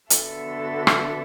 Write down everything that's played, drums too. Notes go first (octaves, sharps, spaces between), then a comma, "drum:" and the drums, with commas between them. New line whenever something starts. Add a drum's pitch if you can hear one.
D3 B3 F#4 A4 E5, drum: hi-hat
drum: rim click